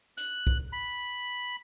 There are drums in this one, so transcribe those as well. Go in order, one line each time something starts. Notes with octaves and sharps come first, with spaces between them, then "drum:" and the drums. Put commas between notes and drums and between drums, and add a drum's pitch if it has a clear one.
F#6, drum: hi-hat
drum: kick B1
B5